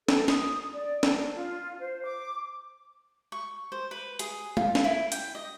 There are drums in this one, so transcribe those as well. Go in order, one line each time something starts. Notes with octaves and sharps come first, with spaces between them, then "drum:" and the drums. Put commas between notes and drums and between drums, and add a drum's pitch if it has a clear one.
A4, drum: snare
D#6, drum: snare
D5
D4, drum: snare
F4
C5
D6
C#6
C5
B4
G#4, drum: hi-hat
F4, drum: tom
drum: snare
E4
G5, drum: hi-hat
D#5